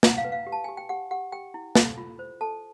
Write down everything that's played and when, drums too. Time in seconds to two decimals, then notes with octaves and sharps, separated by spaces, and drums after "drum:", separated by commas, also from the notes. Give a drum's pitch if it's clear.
0.03 E4 F#5, drum: snare
0.17 F5
0.25 B4
0.32 F5
0.47 G4
0.52 A5
0.64 G4 G#5
0.77 G5
0.89 G4 F#5
1.11 G4 F#5
1.32 G4 G5
1.54 E4
1.75 A4, drum: snare
1.98 F4
2.19 C5
2.41 A4 A5